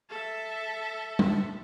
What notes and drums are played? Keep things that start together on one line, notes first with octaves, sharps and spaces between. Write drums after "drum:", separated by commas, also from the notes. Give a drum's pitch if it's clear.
A4 E5
drum: tom G3